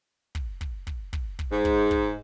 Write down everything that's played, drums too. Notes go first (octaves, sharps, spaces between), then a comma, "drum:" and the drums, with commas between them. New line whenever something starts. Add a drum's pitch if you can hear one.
drum: kick
drum: kick
drum: kick
drum: kick
drum: kick
G#2
drum: kick
drum: kick